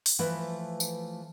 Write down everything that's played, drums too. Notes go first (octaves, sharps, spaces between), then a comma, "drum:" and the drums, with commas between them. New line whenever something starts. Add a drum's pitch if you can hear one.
drum: open hi-hat
E3 F3 A3 B4
drum: tambourine